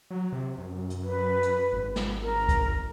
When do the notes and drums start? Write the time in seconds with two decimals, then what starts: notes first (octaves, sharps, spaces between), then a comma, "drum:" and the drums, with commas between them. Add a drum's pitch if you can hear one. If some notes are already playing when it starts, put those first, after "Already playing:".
0.11 F#3
0.32 C3
0.58 F#2
0.90 drum: hi-hat
1.02 B4
1.43 drum: hi-hat
1.73 G#1
1.96 drum: snare
2.21 A#4
2.49 drum: kick C2, hi-hat